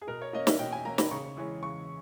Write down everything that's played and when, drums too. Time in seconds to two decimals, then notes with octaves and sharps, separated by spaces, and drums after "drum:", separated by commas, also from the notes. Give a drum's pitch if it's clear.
0.02 G#4
0.07 B2 A#4
0.22 C#5
0.33 A#3 C#4 D#5
0.47 E5, drum: snare
0.59 B2 G5
0.72 G#5
0.85 A#3 C#4 A#5
0.98 B5, drum: snare
1.11 C#3 C#6
1.37 E3 G#3 C#4
1.63 C#3 C#6